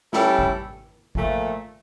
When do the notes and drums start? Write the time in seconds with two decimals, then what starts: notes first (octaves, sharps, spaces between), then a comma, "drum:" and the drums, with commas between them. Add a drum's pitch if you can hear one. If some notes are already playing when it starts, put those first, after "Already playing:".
0.13 G3 C#4 E4 A4, drum: snare
0.39 drum: kick G#1
1.15 A#2 F3 A3, drum: kick G#1